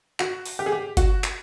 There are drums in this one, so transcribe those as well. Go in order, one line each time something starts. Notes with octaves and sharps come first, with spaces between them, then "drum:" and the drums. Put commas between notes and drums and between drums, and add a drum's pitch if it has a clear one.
F#4, drum: clap
drum: open hi-hat
G4
G#4
G4
F#4, drum: kick G1, hi-hat
drum: clap